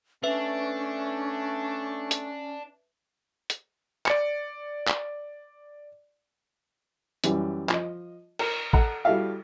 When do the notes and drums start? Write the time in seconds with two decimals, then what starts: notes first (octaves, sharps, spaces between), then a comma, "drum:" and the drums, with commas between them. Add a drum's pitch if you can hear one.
0.23 A3 C#4 D4 B4 E5
2.11 drum: hi-hat
3.50 drum: hi-hat
4.06 D5 C#7, drum: clap
4.88 drum: clap
7.24 F#2 E3 G3, drum: hi-hat
7.69 F3 D#5, drum: clap
8.39 A#4, drum: cymbal
8.73 A4 F#5 A#5, drum: kick
9.05 G3 E4 F#4 A4 E5 F5